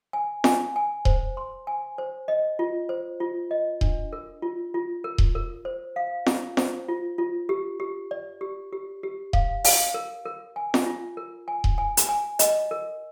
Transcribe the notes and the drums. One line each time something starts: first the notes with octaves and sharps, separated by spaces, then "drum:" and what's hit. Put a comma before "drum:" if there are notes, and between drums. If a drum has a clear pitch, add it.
G#5
G#5, drum: snare
G#5
C5, drum: kick D#1
C6
G#5
C5
D#5
F4
C5
F4
D#5
D4, drum: kick D#1
A#4
F4
F4
A#4
drum: kick D#1
A#4
C5
F5
F4, drum: snare
C5, drum: snare
F4
F4
G4
G4
D5
G4
G4
G4
F5, drum: kick D#1
F5, drum: open hi-hat
A#4
A#4
G#5
drum: snare
F4
A#4
G#5
drum: kick D#1
G#5
drum: hi-hat
G#5
D#5, drum: hi-hat
A#4